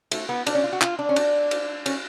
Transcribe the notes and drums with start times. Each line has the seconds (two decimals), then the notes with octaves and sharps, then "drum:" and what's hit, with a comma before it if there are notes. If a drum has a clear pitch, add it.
0.11 A3, drum: cymbal
0.29 B3
0.47 D4, drum: cymbal
0.55 C#4
0.64 F4
0.73 F#4
0.81 F4, drum: clap
0.99 D4
1.09 C#4
1.16 D4, drum: cymbal
1.51 drum: cymbal
1.86 C#4, drum: cymbal